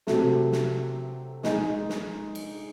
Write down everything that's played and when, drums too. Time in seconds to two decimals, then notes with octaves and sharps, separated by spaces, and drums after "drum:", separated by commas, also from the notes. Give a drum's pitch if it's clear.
0.07 C3 F#3 A3, drum: snare
0.52 drum: snare
1.43 G#3 D#4 G#4, drum: snare
1.89 drum: snare
2.35 drum: cymbal